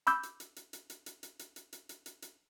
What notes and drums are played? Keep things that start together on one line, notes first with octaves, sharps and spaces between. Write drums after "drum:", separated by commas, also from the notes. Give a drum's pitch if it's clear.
B5 D6 E6 G6, drum: hi-hat
drum: hi-hat
drum: hi-hat
drum: hi-hat
drum: hi-hat
drum: hi-hat
drum: hi-hat
drum: hi-hat
drum: hi-hat
drum: hi-hat
drum: hi-hat
drum: hi-hat
drum: hi-hat
drum: hi-hat